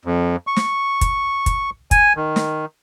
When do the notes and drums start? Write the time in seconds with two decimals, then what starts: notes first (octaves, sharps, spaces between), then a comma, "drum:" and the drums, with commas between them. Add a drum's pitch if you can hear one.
0.05 F2
0.47 C#6
0.56 drum: snare
1.01 drum: kick, hi-hat
1.46 drum: kick, hi-hat
1.91 G#5, drum: kick, hi-hat
2.16 D#3
2.36 drum: snare